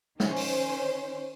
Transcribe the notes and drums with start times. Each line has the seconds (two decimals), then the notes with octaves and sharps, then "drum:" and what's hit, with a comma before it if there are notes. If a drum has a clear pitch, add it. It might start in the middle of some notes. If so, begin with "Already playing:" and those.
0.20 D#3 C#4 C5, drum: snare G#3
0.36 drum: open hi-hat